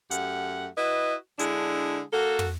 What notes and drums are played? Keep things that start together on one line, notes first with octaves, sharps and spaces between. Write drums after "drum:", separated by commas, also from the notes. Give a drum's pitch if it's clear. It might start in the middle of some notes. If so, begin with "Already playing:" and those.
F#2 A3 G4 F#5, drum: hi-hat
E4 F#4 B4 D#5
D3 G#3 D4 E4, drum: hi-hat
A#3 F#4 A4
drum: tom